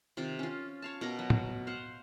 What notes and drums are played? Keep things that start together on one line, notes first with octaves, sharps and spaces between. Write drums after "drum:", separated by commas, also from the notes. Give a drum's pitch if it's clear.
C3 D#3 F4 D6
C#4 F4
C#5 F5 A5
B2 A#4 A#5 D6
F#3 F#4
drum: tom
C5 F5 F#5